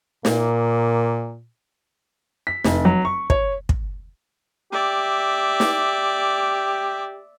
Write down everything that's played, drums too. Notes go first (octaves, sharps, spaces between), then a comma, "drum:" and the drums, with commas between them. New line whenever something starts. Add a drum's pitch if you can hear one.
A#2 A#3, drum: snare
B6
F1, drum: snare
F#3
C#6
C#5, drum: kick
drum: kick
G4 D5 E5
drum: snare